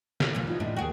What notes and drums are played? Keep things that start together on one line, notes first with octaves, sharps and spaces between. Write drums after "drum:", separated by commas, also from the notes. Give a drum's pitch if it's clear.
B2, drum: snare
D2 E3 F3 A#3
D#4 F4 C#5
A2 D4 D#5
D#2 F#4 G#4 G5